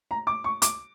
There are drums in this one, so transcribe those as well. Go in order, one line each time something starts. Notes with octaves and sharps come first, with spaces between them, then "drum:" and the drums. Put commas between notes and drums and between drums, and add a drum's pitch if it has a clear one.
A#5
D6
C#6
D6, drum: hi-hat